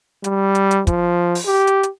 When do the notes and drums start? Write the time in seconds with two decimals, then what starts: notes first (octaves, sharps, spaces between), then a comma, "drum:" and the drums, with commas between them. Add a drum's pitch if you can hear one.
0.24 G3, drum: hi-hat
0.55 drum: hi-hat
0.71 drum: hi-hat
0.87 F3, drum: kick, hi-hat
1.35 drum: open hi-hat
1.46 G4
1.67 drum: hi-hat
1.83 drum: hi-hat